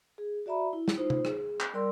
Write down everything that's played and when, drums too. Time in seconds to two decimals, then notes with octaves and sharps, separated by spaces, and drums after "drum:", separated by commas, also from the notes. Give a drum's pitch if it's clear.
0.18 G#4
0.46 F#4 D5 E5 A#5 B5
0.73 E4
0.88 drum: snare
0.97 D#4 F4 C5
1.10 drum: tom C3
1.25 G#4, drum: rim click
1.60 drum: clap
1.74 G3 A#4 D5 C6 E6